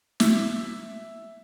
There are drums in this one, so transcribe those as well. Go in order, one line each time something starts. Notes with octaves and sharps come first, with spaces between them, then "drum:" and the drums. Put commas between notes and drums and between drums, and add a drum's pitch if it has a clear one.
E5, drum: snare